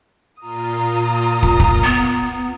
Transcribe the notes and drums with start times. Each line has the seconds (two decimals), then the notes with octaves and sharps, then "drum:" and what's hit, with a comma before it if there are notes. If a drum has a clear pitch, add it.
0.40 A#2 F4 A#5 D#6
1.43 drum: kick
1.60 drum: kick
1.84 B3